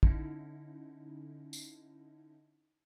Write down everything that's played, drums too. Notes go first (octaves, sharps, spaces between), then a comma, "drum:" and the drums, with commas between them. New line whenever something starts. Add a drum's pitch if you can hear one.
D3 C#4 D#4 E4, drum: kick
drum: tambourine